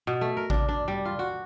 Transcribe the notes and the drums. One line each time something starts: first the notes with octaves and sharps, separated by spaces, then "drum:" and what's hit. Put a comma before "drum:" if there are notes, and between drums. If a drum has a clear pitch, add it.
B2
A3
A#4
D4, drum: kick A1
D4
G3
F4
F#4